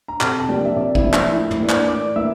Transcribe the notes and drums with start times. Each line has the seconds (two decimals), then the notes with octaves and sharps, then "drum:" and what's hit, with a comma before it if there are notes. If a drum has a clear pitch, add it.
0.08 A#5
0.21 C3 A4 A5, drum: clap
0.40 A5
0.48 F3 A#3 D4 G4 G5
0.65 E5
0.76 C3 D5
0.95 E4 E5, drum: kick
1.04 F3 A#3 D4
1.13 E4 E5, drum: clap
1.32 A2
1.51 drum: tom
1.60 E3 A#3 D4
1.69 drum: clap
1.88 A2 D5 D6
2.16 E3 A#3 E5 E6